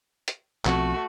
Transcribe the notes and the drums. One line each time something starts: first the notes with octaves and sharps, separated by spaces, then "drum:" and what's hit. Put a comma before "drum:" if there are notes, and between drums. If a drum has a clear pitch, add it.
drum: hi-hat
B1 F3 A3 C4 F#4, drum: clap